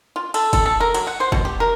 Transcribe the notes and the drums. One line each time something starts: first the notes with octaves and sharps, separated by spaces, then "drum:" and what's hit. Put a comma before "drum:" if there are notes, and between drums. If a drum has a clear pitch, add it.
F4
A4, drum: cymbal
A4, drum: kick, cymbal
A4
A#4
F#3, drum: cymbal
F#5
C5
B2, drum: kick
G4
A#4